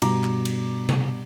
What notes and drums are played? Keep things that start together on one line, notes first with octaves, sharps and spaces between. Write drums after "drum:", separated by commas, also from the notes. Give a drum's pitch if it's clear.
G2 B2 A#5 D6, drum: cymbal
drum: clap
drum: cymbal
drum: tom C3